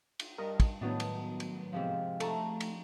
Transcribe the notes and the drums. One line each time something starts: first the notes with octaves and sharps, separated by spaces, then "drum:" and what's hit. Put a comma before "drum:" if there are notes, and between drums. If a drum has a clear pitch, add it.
drum: cymbal
G2 A#4 D#5
drum: kick, cymbal
A2 D#3 F#3 B3 D4
drum: cymbal
drum: cymbal
G#2 C3 F3
A3 A5 A#5 C#6, drum: cymbal
drum: cymbal